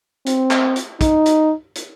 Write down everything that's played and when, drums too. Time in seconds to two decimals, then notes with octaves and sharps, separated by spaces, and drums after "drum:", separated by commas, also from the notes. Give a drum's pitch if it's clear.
0.26 C4, drum: hi-hat
0.51 drum: clap
0.76 drum: hi-hat
1.01 D#4, drum: kick, hi-hat
1.26 drum: hi-hat
1.75 drum: hi-hat